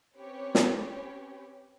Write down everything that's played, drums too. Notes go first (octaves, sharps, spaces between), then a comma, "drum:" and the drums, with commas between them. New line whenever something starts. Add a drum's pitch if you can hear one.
C4 C#4 G4 B4 C#5
drum: snare